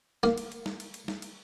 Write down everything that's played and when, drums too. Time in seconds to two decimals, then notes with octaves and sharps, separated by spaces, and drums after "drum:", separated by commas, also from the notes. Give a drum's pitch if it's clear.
0.23 A#3, drum: snare
0.38 drum: cymbal
0.52 drum: cymbal
0.66 drum: snare
0.80 drum: cymbal
0.94 drum: cymbal
1.08 drum: snare
1.22 drum: cymbal